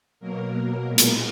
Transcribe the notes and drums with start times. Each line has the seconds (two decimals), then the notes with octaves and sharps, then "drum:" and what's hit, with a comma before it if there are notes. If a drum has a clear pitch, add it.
0.20 B2 F#3 A#3 A#4
0.87 A#2 G#3 B3 A#4
0.98 drum: hi-hat